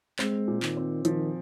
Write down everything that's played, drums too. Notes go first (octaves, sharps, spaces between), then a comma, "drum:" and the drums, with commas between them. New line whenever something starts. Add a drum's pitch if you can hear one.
G#3 C4, drum: clap
A#2
D#3, drum: clap
C4
D#3 F3, drum: hi-hat